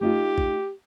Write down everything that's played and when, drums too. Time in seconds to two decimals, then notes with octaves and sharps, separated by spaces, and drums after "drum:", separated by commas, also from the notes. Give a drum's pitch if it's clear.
0.01 A3 D#4 F4 G4
0.38 drum: kick A#1